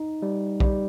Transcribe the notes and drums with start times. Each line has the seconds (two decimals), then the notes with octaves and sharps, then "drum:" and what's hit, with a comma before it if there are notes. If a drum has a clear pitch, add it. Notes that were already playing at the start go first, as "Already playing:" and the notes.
Already playing: D#4
0.22 G3
0.60 G3, drum: kick A#1